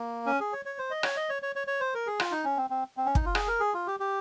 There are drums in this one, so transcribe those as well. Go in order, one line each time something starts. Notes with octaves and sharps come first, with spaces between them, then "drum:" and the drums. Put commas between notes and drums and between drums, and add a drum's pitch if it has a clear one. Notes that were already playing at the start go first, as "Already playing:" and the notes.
Already playing: A#3
C#4
G#4
C#5
C#5
C5
D#5
C#5, drum: rim click
D#5
C#5
C#5
C#5
C#5
C5
A#4
G#4
F4, drum: rim click
D#4
C#4
C4
C4
C4
C#4
D#4, drum: kick
F4
G#4, drum: rim click
A#4
G#4
F4
G4
G4